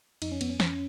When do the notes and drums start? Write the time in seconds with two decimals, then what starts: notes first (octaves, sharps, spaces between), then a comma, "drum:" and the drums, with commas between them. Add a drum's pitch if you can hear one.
0.22 F2 D#4, drum: cymbal
0.32 C#4
0.41 F2 B3, drum: cymbal
0.49 C#4
0.60 F2 C#4, drum: snare